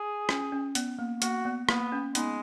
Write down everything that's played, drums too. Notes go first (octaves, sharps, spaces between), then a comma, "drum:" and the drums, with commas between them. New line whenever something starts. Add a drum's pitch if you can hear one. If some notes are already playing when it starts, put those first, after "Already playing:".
Already playing: G#4
C#4 F4, drum: rim click
C#4
B3, drum: hi-hat
A#3
A#3 F#4, drum: hi-hat
B3
A#3 B3, drum: rim click
C#4
G#3 B3 D#4, drum: hi-hat